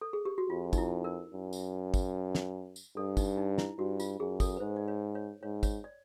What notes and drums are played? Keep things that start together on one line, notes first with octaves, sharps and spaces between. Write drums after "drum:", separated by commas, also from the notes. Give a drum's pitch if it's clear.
A4
G#4
G4
F#4
F2 F4
D#4, drum: kick, tambourine
E4
A#4
F#2
drum: tambourine
drum: kick, tambourine
drum: snare
drum: tambourine
G2 A4
D#4, drum: kick, tambourine
D#4
E4, drum: snare
G2 F#4
F4, drum: tambourine
F#2 G#4
A4, drum: kick, tambourine
B4
G#2 C5
D5
C#5
C#5
G#2 C#5
C#5, drum: kick, tambourine
D5